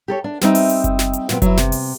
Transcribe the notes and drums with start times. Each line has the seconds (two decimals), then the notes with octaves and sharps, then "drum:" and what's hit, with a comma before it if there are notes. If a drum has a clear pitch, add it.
0.08 G4 A4 C#5
0.24 D4
0.41 G3 C4 D#4 E5, drum: snare
0.55 drum: open hi-hat
0.69 drum: hi-hat
0.84 drum: kick F#1, hi-hat
0.99 drum: snare
1.13 drum: hi-hat
1.29 A#2 F#3 B3 C4, drum: snare
1.42 F#3 E4, drum: kick F#1, hi-hat
1.57 C3, drum: snare
1.72 drum: open hi-hat